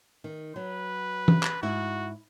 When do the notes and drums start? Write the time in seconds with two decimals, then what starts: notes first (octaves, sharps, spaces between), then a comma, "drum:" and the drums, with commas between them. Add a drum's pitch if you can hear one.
0.24 D#3
0.56 F#3 B4
1.28 drum: tom E3
1.43 drum: clap
1.63 G#2 E4 F#4